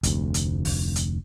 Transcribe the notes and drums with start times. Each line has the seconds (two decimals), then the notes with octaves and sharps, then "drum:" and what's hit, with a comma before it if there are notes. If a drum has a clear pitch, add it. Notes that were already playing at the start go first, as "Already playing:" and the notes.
0.03 F1 D2, drum: kick, hi-hat
0.34 drum: hi-hat
0.65 drum: kick, open hi-hat
0.96 drum: hi-hat